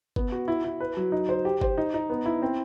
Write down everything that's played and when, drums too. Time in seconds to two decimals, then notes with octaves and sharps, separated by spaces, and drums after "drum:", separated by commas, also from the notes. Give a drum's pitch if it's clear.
0.16 B3, drum: kick G1
0.32 F#4
0.48 E4
0.64 E4
0.80 B4
0.97 F#3
1.12 D#4
1.29 C5
1.45 G4
1.61 C5, drum: kick G1
1.78 D#4
1.94 D#4
2.10 B3
2.26 E4
2.42 C4